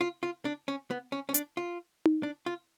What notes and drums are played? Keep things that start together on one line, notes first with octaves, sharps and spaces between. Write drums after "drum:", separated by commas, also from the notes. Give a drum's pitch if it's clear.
F4
F4
D4
C#4
B3
C#4
C#4
D4, drum: hi-hat
F4
drum: tom D#4
D4
F4